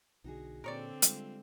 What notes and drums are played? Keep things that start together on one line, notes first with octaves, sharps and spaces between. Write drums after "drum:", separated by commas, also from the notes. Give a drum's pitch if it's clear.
B1 D3 D#4 F#4 G#4
A#2 D3 C4 A#4 C#5 D5
G3 G#3 F4, drum: hi-hat